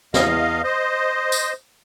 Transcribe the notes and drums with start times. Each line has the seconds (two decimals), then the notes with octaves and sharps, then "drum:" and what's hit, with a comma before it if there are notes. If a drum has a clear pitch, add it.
0.14 E2 D#5 F5, drum: snare
0.64 C5 D#5
1.32 drum: tambourine